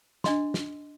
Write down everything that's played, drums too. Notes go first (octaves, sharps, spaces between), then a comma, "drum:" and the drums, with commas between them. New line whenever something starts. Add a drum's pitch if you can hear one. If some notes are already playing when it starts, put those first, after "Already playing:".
D4 D#5 C6, drum: snare
drum: snare